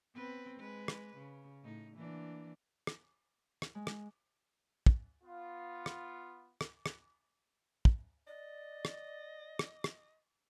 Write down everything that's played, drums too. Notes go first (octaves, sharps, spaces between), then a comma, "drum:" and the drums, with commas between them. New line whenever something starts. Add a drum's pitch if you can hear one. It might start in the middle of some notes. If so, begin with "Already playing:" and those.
B3 C4 B4
G#3 B4
drum: rim click
C#3
A2 D#4
E3 A#3 D4
drum: rim click
drum: rim click
G#3
drum: rim click
drum: kick
B3 F4
drum: rim click
drum: rim click
drum: rim click
drum: kick
D5 D#5
drum: rim click
drum: rim click
drum: rim click